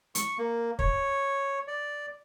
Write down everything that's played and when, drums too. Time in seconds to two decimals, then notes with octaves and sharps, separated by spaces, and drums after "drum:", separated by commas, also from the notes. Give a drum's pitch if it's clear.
0.15 C#6, drum: hi-hat
0.38 A#3
0.79 C#5, drum: kick
1.67 D5